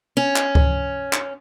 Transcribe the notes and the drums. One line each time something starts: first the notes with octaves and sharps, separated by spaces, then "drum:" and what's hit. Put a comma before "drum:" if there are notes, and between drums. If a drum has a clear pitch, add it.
C#4
drum: clap
drum: kick C#2
drum: clap